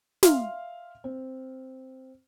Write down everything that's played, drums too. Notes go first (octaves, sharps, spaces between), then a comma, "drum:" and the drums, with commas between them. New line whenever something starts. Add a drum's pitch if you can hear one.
E5 F5 C6 F6, drum: snare
C4